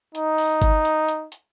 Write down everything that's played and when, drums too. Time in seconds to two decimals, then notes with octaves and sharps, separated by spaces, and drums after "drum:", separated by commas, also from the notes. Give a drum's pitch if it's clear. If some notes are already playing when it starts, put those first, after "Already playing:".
0.15 D#4, drum: hi-hat
0.38 drum: open hi-hat
0.62 drum: kick G1, hi-hat
0.85 drum: hi-hat
1.08 drum: hi-hat
1.32 drum: hi-hat